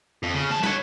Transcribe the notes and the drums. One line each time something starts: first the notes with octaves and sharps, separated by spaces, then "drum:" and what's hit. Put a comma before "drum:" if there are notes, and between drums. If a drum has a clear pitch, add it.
F2
C#3
F#3 A5
B4 C#5, drum: snare